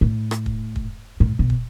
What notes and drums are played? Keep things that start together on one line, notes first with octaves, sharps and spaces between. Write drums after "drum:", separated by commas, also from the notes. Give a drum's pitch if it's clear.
A2
drum: rim click
drum: kick
drum: kick
A2
B2
drum: kick